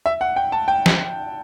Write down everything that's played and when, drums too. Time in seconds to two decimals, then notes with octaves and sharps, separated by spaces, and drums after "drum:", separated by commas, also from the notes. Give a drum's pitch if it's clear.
0.06 E5
0.21 F#5
0.36 G5
0.52 A5
0.68 G5
0.86 drum: snare